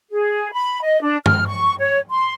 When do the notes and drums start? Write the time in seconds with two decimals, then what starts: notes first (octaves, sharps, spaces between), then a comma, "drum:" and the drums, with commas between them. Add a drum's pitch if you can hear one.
0.10 G#4
0.52 B5
0.82 D#5
1.02 D4
1.26 F6, drum: tom G2
1.46 C#6
1.79 C#5
2.11 C6